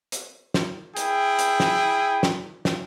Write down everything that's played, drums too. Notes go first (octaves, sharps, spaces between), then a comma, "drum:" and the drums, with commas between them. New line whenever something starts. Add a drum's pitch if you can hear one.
drum: hi-hat
drum: snare
E4 G#4 G5, drum: hi-hat
drum: hi-hat
drum: snare
drum: snare
drum: snare